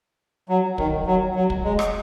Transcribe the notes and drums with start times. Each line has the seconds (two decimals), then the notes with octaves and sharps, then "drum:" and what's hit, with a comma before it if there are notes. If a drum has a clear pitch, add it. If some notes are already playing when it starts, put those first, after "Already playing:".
0.49 F#3
0.78 D#3, drum: kick
1.06 F#3
1.35 F#3
1.50 drum: kick
1.64 G#3
1.79 drum: rim click